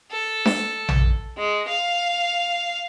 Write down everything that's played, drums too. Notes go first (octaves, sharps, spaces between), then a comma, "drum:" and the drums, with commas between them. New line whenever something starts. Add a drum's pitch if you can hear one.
A4
drum: snare D4
drum: tom A#1
G#3
F5